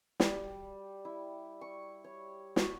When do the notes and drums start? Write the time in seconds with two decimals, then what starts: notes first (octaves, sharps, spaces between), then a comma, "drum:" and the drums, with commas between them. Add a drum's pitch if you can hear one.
0.20 G3, drum: snare
1.05 E4
1.61 C#6
2.04 C#5
2.56 F#4, drum: snare